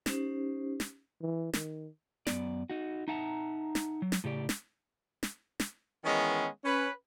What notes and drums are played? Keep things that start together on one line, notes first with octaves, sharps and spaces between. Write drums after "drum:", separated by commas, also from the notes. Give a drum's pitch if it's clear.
C#4 D#4 G4 C5, drum: snare
drum: snare
E3
D#3, drum: snare
F#2 B3 D5, drum: snare
D#4 F#4
D#4 E5 F#5 A5 A#5
drum: snare
F#3
drum: snare
A2 C#3 G4 D5
drum: snare
drum: snare
drum: snare
D#3 E3 G#3 B3 C#4
C#4 B4